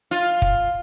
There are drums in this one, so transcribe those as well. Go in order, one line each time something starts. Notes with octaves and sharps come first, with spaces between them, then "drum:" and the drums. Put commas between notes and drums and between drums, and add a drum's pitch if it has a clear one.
F4
drum: kick